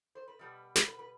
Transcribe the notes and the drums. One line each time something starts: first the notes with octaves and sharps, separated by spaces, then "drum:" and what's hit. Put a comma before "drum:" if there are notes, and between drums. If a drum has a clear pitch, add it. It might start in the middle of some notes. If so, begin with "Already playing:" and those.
C5
B4
B2 G3 B3
B4, drum: snare
B4
B4